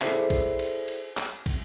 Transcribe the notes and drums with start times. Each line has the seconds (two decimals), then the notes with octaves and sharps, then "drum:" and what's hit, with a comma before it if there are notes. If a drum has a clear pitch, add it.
0.01 E4 G#4 A4 C5 D5 E5, drum: clap
0.30 drum: kick, cymbal
0.59 drum: cymbal
0.88 drum: cymbal
1.17 drum: clap
1.46 drum: kick, cymbal